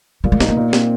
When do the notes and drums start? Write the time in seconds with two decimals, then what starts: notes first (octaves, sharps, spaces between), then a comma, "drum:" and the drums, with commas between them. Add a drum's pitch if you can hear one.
0.24 A#2 G3
0.32 G#3
0.40 A3 D#4, drum: snare
0.48 A#3
0.57 A#2
0.73 C4, drum: snare